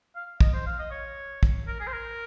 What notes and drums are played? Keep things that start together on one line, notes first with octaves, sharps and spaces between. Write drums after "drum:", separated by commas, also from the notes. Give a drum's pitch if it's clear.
F5
D#5, drum: kick
C5
F5
D#5
C#5
drum: kick
A#4
G#4
C5
A#4